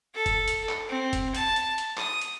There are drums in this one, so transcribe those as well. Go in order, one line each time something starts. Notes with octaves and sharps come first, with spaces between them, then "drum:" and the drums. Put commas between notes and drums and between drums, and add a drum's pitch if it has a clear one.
A4
drum: kick F1, hi-hat
drum: hi-hat
drum: clap
C4
drum: kick F1, hi-hat
A5, drum: hi-hat
drum: hi-hat
drum: hi-hat
D#6, drum: clap
drum: hi-hat